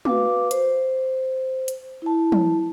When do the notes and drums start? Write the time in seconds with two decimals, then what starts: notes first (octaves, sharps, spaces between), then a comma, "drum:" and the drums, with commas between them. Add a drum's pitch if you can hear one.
0.05 F#4 B4 F5 D6, drum: tom
0.51 C5, drum: hi-hat
1.68 drum: hi-hat
2.02 E4 A5
2.32 drum: tom